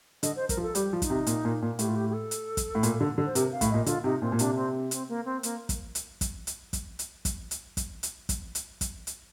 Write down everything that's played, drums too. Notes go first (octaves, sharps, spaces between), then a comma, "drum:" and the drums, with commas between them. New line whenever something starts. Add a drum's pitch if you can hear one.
D3 D#5, drum: hi-hat
C5
A#4, drum: kick, hi-hat
F3
A4
G3 G4, drum: hi-hat
F3
D#4, drum: kick, hi-hat
C3
A#2, drum: hi-hat
A#2
A#2
A2 G4, drum: hi-hat
F4
G4
G4
A4
drum: hi-hat
drum: kick, hi-hat
A2
A#2, drum: hi-hat
D3
D3
C5
C3 A#4, drum: hi-hat
F5
A2, drum: kick, hi-hat
A#2 D#5
D3 F4, drum: hi-hat
C3 D#4
A#2 C4
A#2
C3 D4, drum: hi-hat
C4
C4, drum: hi-hat
A#3
C4
A#3, drum: hi-hat
drum: kick, hi-hat
drum: hi-hat
drum: kick, hi-hat
drum: hi-hat
drum: kick, hi-hat
drum: hi-hat
drum: kick, hi-hat
drum: hi-hat
drum: kick, hi-hat
drum: hi-hat
drum: kick, hi-hat
drum: hi-hat
drum: kick, hi-hat
drum: hi-hat